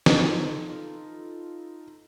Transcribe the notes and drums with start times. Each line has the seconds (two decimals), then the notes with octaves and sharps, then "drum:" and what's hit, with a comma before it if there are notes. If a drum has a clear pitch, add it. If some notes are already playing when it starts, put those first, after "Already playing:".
0.06 D#4 F4 A4 B4, drum: snare